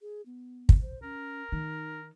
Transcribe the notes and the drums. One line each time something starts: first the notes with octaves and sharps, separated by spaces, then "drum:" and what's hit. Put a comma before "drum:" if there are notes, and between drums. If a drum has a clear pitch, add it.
G#4
B3
drum: kick
C5
C#4 A#4
D#3 D#4